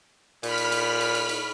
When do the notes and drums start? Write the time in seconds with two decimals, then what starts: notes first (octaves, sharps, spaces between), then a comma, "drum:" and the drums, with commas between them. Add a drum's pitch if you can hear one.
0.43 A#2 B5 F6 B6, drum: cymbal
0.58 drum: cymbal
0.72 drum: cymbal
1.00 drum: cymbal
1.15 drum: cymbal
1.29 drum: cymbal